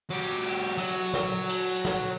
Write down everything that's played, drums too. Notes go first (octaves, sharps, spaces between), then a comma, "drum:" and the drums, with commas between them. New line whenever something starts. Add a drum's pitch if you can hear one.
F#3 G4
drum: cymbal
F#3, drum: cymbal
drum: snare
drum: cymbal
drum: snare